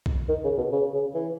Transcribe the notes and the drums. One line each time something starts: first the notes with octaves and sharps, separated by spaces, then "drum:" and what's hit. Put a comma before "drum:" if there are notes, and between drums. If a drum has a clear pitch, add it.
drum: kick B1
D#3
C#3
B2
C#3
C#3
E3